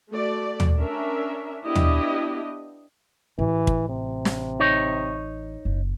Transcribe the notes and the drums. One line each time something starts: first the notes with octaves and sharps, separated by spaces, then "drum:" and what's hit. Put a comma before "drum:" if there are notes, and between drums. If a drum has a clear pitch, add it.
A3 F#4 D5
drum: tom
C#4 D4 A#4 E5
B3 D4 E4 G4 D#5
drum: tom
A1 E3
drum: kick
C3
drum: snare
D#4 C#5
F#1